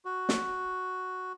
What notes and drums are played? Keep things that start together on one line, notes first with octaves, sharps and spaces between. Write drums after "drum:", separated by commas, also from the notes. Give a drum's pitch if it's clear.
F#4
drum: snare